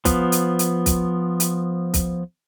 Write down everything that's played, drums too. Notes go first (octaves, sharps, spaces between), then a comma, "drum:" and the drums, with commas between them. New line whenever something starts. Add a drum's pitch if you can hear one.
F3 B3, drum: kick, hi-hat
drum: hi-hat
drum: hi-hat
drum: kick, hi-hat
drum: hi-hat
drum: kick, hi-hat